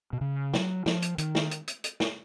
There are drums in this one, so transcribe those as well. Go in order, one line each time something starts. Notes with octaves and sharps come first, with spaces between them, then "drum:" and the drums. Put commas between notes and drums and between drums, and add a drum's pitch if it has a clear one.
B2
C#3
F#3, drum: snare
F3, drum: snare
drum: hi-hat
D#3, drum: hi-hat
drum: snare
drum: hi-hat
drum: hi-hat
drum: hi-hat
drum: snare